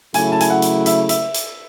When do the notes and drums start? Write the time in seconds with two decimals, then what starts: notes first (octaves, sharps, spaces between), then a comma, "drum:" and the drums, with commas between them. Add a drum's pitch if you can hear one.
0.14 C#3 F#3 A3 E4 G#5, drum: hi-hat
0.32 A5
0.40 G#5, drum: hi-hat
0.50 F#5
0.62 drum: hi-hat
0.86 E5, drum: hi-hat
1.09 E5, drum: hi-hat
1.34 drum: hi-hat